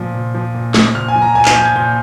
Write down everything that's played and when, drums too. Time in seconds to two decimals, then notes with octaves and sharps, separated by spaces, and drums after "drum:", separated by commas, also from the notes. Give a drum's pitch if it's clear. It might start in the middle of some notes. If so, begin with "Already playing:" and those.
Already playing: A#2 F3
0.14 A#2
0.35 F3
0.54 A#2
0.74 F3, drum: snare
0.95 A#2 F6
1.08 G#5
1.16 F3
1.22 A#5
1.35 A#2 G#5
1.45 F6, drum: clap
1.55 F3 G6
1.66 G#6
1.76 A#2 G6